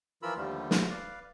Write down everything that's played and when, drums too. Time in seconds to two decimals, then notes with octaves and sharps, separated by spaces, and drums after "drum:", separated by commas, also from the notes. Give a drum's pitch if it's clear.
0.23 E3 F3 F4 A#4 B5 E6
0.36 D#2 D3 F3 G3 A3
0.71 drum: snare
0.89 B4 D5 F5